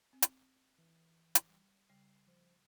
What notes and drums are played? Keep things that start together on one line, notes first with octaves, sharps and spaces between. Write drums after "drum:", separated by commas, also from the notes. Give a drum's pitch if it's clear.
C4
drum: hi-hat
E3
drum: hi-hat
G3
C#3 G3 C7
F3 C5